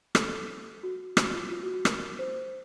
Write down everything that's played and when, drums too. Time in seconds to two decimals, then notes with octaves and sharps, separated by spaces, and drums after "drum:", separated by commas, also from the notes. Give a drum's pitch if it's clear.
0.15 A4, drum: rim click
0.83 F#4
1.17 F#4, drum: rim click
1.34 F4
1.51 F4
1.63 F#4
1.74 F#4
1.85 A#4, drum: rim click
2.19 C5